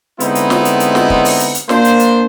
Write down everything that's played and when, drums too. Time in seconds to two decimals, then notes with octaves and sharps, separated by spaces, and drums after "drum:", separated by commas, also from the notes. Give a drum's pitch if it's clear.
0.20 D3 G#3 B3 C4 D#4 E4, drum: hi-hat
0.35 drum: hi-hat
0.50 drum: snare
0.65 drum: hi-hat
0.80 drum: hi-hat
0.95 drum: snare
1.10 drum: kick
1.25 drum: open hi-hat
1.40 drum: hi-hat
1.55 drum: hi-hat
1.69 A#3 D4 C5, drum: snare
1.85 drum: hi-hat
2.00 drum: hi-hat